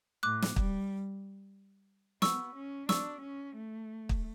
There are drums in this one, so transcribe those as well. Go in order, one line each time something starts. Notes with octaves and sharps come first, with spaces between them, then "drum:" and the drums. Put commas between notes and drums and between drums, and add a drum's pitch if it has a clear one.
A2 D6 F#6
drum: snare
G3, drum: kick
B3 C#6 E6, drum: snare
C#4
D4 C#6 E6, drum: snare
C#4
A3
drum: kick